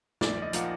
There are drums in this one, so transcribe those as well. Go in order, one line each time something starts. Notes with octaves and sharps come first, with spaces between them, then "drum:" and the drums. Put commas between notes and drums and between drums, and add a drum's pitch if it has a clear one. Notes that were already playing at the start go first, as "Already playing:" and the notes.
A#1 D5, drum: snare
D#5
F3 A#3 D#4 F#5, drum: hi-hat